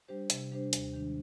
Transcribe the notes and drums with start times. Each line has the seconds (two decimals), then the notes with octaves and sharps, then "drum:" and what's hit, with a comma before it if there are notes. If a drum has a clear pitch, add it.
0.08 G3 D4 G4 C5
0.30 C3, drum: hi-hat
0.51 G3 D4 G4 C5
0.73 D#2, drum: hi-hat
0.94 D#3 G#3 D4